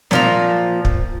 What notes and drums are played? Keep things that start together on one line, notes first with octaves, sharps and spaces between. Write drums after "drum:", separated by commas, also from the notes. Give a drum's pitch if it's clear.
A#2 F3 A#5, drum: snare
drum: kick